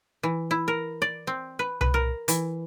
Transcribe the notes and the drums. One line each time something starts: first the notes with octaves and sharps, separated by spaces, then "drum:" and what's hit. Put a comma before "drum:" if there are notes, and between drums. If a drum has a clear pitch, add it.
E3
E4
A#4
D5
C4
B4
B4, drum: tom C2
A#4
E3, drum: hi-hat